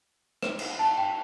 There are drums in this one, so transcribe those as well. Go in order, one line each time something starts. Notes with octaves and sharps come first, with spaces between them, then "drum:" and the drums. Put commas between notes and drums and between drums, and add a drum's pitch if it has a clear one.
drum: rim click
drum: cymbal
A5
G5